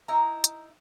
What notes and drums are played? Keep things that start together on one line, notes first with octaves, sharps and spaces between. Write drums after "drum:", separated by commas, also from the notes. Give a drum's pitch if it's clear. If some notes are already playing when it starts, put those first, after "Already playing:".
D#4 E4 A#5
drum: hi-hat